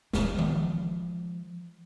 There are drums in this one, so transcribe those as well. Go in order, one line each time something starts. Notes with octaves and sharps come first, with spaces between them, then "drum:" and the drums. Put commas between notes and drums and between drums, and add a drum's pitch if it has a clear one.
F3 G#3, drum: snare
drum: tom D#3